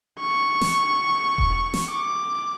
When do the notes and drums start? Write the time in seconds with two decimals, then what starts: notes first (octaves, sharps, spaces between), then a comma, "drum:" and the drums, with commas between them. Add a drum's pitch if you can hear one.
0.21 C#6
0.61 drum: snare
1.38 drum: kick E1
1.74 drum: snare
1.89 D6